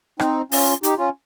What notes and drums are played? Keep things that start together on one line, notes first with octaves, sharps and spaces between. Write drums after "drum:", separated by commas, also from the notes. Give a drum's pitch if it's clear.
C4 D#4, drum: rim click
C#4 F4, drum: open hi-hat
D#4 G4, drum: hi-hat
C#4 F4